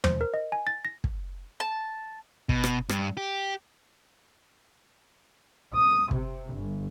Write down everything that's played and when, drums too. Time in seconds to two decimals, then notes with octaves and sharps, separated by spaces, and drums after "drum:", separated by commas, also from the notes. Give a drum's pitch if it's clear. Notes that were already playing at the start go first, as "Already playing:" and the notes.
0.04 C5, drum: tom
0.21 A#4
0.34 D#5
0.52 G#5
0.67 A6
0.85 A#6
1.04 drum: kick
1.60 A5
2.49 B2, drum: kick
2.64 drum: rim click
2.89 G2, drum: rim click
3.17 G4
5.74 D#6
6.11 C3, drum: kick
6.53 G1